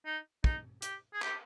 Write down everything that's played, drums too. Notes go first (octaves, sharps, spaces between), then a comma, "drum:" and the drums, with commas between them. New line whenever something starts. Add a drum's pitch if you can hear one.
D#4
D#4, drum: kick
G4, drum: hi-hat
G#4
G4, drum: clap